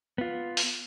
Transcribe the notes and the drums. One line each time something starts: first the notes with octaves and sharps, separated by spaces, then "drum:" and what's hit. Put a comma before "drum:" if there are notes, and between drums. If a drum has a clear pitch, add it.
B3 F4
drum: open hi-hat